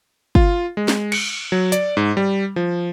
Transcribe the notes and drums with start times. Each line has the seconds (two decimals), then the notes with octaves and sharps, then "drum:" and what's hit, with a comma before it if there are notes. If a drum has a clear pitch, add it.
0.35 F4, drum: kick
0.77 G#3
0.88 drum: snare
1.12 C#7, drum: cymbal
1.52 F#3
1.72 D5, drum: hi-hat
1.97 G#2
2.17 G3
2.56 F3